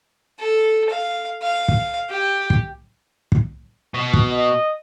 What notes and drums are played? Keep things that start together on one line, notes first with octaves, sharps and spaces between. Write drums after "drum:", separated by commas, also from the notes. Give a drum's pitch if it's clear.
A4
F5
F5
drum: kick
G4
drum: kick
drum: kick
B2
drum: kick
D#5